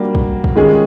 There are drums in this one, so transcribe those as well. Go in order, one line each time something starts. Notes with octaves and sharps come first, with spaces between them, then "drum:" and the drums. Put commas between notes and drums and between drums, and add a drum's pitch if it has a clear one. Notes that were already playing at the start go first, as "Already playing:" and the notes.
Already playing: G3 A#3 D4 F#4
drum: kick
drum: kick
D#3 G#3 C#4 F4 G#4